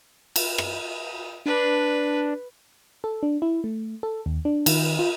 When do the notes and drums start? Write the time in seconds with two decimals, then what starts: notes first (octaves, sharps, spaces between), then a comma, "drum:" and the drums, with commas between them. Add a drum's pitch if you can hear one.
0.36 drum: cymbal
0.58 drum: rim click
1.46 D4 B4
3.04 A4
3.23 D4
3.42 E4
3.64 A3
4.03 A4
4.26 D#2
4.45 D4
4.66 D#3, drum: cymbal
4.99 F4